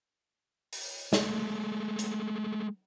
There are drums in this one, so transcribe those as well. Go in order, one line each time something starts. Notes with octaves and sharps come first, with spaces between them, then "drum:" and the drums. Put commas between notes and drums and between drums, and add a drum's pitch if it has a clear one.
drum: open hi-hat
G#3 A3, drum: snare
drum: hi-hat